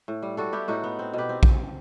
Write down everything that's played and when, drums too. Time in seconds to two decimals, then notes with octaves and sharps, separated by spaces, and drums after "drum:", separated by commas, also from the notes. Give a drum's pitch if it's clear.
0.08 A2
0.23 G3
0.37 G3 F#4 A4
0.53 B3 E4 G4
0.68 A2 D#4 F#4
0.84 B3
0.99 C4
1.14 B2 G4 B4
1.29 C4
1.43 drum: kick A#1